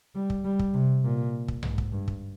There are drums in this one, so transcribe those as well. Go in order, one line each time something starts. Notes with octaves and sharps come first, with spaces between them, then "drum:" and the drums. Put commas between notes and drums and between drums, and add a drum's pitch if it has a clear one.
G3
drum: kick
G3
drum: kick
C3
A#2
drum: kick
G#2, drum: tom B1
drum: kick
G2
drum: kick